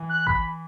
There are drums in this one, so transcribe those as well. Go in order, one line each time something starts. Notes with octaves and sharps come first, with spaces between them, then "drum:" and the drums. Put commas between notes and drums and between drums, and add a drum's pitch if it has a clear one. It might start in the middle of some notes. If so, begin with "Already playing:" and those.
Already playing: E3
F#6
B5, drum: kick